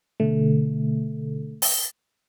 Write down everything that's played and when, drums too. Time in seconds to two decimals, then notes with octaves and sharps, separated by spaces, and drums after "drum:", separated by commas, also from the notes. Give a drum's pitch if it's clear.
0.20 B2 D3 A3
1.62 drum: open hi-hat